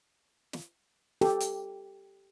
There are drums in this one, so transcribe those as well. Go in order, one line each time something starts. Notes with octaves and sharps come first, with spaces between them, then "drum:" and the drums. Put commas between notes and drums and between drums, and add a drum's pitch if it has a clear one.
drum: snare
G4 A4, drum: snare
drum: hi-hat